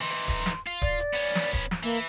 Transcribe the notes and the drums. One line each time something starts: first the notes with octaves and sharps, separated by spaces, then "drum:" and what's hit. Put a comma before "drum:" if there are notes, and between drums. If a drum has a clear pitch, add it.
E3 D#4 C6
drum: hi-hat
drum: kick D1, hi-hat
drum: snare
F4
D5, drum: kick D1, hi-hat
drum: hi-hat
B3 C#4
drum: snare
drum: kick D1, hi-hat
drum: snare
E3 A#3